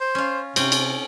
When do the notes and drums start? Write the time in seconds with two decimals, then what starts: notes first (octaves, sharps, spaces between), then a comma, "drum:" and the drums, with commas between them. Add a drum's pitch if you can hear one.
0.01 C5
0.15 C#4 F4
0.56 C3 C4 C#4, drum: cymbal
0.72 drum: cymbal